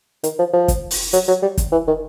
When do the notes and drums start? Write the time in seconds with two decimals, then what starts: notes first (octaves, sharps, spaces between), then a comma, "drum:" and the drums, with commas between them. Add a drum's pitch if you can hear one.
0.24 D#3, drum: hi-hat
0.39 F3
0.53 F3
0.68 drum: kick, hi-hat
0.91 drum: open hi-hat
1.13 F#3, drum: hi-hat
1.28 F#3
1.42 G3
1.57 drum: kick, hi-hat
1.72 E3
1.88 D#3